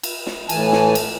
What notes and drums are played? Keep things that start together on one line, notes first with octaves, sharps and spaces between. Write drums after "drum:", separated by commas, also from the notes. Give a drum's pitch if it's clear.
drum: cymbal
drum: snare
A2 E3 G#5 A5, drum: cymbal
drum: snare
drum: cymbal